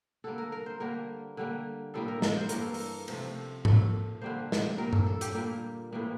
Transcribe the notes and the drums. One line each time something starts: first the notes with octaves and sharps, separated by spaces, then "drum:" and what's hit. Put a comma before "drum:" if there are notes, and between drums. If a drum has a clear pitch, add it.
D3 G3 A#3 A4
A#4
A#4
C5
D3 G3 A#3 A#4
D3 G3 A#3
A2 G3 A#3 A4
A#4
A#4, drum: snare
C5
G2 E3 G3 A#3 A#4, drum: hi-hat
A4
A#4, drum: open hi-hat
C3 F3 A3 C5, drum: cymbal
A#2 A3, drum: tom G#2
D3 G3 A#3 C5
drum: snare
A#2 G3 A#3 A#4
A4, drum: tom G2
A4
G4, drum: hi-hat
A#2 G3 A#3 G4
A2 E3 G3 A#3